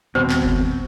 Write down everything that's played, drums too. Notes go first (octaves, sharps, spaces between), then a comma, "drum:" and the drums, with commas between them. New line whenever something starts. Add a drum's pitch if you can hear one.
D#1 B2 C4 C5
drum: clap
drum: kick F#1